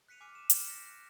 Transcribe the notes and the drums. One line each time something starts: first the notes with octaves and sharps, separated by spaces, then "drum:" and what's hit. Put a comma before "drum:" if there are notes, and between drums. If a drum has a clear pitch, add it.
F#6 B6 C#7 D#7 F7
G#5 D6 F6 C7 C#7 D#7
D#7 E7
F6 G6 A6 D7 E7, drum: hi-hat
A#6 B6 C#7
F#6